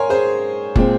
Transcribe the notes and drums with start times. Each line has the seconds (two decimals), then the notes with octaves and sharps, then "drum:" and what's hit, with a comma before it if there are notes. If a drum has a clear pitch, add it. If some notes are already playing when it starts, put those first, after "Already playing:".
Already playing: G#2 A#4 C#5 G#5 C6
0.10 G#4 C5
0.76 A#2 G#3 C4, drum: kick